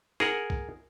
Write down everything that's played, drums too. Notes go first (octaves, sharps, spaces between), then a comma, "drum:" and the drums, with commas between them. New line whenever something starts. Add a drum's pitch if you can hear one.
G#4 A#4 F#5, drum: snare
drum: kick